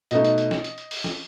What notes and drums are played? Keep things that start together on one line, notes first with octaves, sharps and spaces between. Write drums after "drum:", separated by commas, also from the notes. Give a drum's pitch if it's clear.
B2 A3 D#4 D#5, drum: hi-hat
drum: hi-hat
drum: hi-hat
drum: snare
drum: hi-hat
drum: hi-hat
drum: open hi-hat
drum: snare